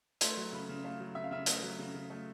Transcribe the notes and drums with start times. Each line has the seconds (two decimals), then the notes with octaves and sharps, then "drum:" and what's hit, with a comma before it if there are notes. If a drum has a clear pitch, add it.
0.21 A3 C6, drum: hi-hat
0.37 F#3
0.52 C#3 B5
0.69 C#3
0.84 A3 F5
1.00 F#3
1.15 C#3 E5
1.24 F5
1.31 C#3 E5
1.46 A3 D#5, drum: hi-hat
1.63 F#3
1.79 C#3
1.94 C#3
2.10 A3